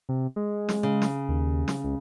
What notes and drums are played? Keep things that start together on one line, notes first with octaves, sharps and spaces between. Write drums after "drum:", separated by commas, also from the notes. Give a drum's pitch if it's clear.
C3
G#3
drum: snare
C#3
drum: snare
D#2
drum: snare
C#2